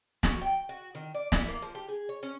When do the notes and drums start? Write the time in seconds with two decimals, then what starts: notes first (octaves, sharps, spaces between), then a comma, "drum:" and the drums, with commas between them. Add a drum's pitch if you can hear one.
0.23 F#4, drum: snare
0.42 G5
0.69 F#4
0.95 D#3
1.15 D5
1.32 E4, drum: snare
1.48 A#3
1.62 F3
1.75 G4
1.88 G#4
2.09 C#5
2.23 C#4